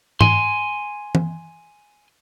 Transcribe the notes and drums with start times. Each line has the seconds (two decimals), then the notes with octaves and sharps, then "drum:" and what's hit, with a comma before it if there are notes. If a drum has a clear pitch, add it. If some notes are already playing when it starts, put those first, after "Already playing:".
0.21 G#5 C6, drum: tom G#2
1.15 drum: tom E3